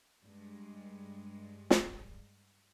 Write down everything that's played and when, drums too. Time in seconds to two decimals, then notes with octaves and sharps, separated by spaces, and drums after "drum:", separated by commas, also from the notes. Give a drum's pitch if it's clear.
0.23 G2 G#3
1.70 drum: snare